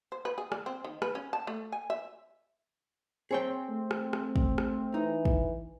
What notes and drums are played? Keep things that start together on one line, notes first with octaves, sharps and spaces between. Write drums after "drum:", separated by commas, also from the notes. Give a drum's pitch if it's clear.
C5
B4
G#4
D5, drum: rim click
C4
D#3
B4, drum: rim click
C#4
A5
A3
G#5
E5
C4 G#4 C5 C#5 G5
A3
drum: rim click
drum: rim click
drum: kick
drum: rim click
E3 D#4
drum: kick